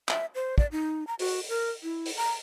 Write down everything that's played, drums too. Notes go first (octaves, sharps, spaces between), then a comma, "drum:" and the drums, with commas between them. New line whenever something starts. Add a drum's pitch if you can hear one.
E5, drum: clap
C5
D5, drum: kick
D#4
A#5
F#4, drum: open hi-hat
A#4
E4
drum: open hi-hat
A#5